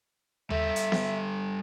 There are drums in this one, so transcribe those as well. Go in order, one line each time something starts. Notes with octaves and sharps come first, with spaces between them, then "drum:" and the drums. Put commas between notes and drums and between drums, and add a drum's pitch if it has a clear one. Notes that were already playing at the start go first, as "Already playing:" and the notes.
G3 A4 E5, drum: tom D#2
drum: hi-hat
drum: snare B3